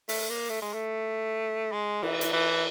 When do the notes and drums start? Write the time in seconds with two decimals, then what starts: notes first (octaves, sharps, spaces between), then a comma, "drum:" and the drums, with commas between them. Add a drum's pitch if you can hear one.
0.09 A3, drum: open hi-hat
0.30 A#3
0.50 A3
0.62 G#3
0.74 A3
1.72 G#3
2.03 E3, drum: cymbal
2.21 drum: hi-hat
2.33 E3